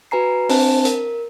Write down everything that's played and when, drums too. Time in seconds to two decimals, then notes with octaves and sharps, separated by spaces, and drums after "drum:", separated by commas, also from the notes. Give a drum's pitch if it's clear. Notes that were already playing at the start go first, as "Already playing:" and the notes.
0.11 F#4 B4 G#5 A#5 C7
0.49 C4 D4 C5 G#5 A5, drum: open hi-hat
0.85 A#4, drum: hi-hat